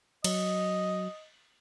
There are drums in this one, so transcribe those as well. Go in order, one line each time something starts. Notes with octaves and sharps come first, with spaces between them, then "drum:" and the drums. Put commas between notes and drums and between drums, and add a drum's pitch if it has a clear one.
F#3 D#5, drum: cymbal